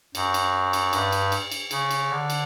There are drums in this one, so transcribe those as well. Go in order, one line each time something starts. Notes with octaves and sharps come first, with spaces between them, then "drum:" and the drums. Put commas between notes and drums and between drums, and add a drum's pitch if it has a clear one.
F#2, drum: cymbal
drum: cymbal
drum: cymbal
G2, drum: cymbal
drum: cymbal
drum: cymbal
drum: cymbal
C#3, drum: cymbal
drum: cymbal
D3
drum: cymbal